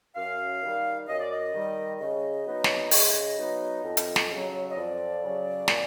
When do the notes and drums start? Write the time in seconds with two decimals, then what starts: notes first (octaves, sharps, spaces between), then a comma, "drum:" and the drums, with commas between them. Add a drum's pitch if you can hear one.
0.16 F#2 F5
0.63 D#3 G3
1.08 F#2 D#5
1.20 D5
1.32 D#5
1.54 D#3 G3
2.00 C#3 D#5
2.46 F#3 B3 D#4
2.64 drum: snare
2.91 C#3, drum: open hi-hat
3.37 F#3 B3 D#4
3.83 F2
3.97 drum: hi-hat
4.16 drum: snare
4.30 C#3 F#3
4.70 D#5
4.76 F2 D5
5.22 C#3 F#3
5.68 A#2, drum: snare